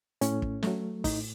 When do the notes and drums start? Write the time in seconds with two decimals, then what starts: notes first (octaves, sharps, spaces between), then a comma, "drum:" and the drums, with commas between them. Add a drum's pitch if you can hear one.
0.21 A2 C#4, drum: hi-hat
0.42 drum: kick
0.63 F#3 A3, drum: snare
1.04 A2 D#4, drum: kick, open hi-hat